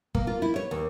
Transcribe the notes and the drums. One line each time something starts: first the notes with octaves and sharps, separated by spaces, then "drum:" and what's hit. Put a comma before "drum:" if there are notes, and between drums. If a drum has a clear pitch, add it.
A#3, drum: kick
F4
E4
C#5
D#2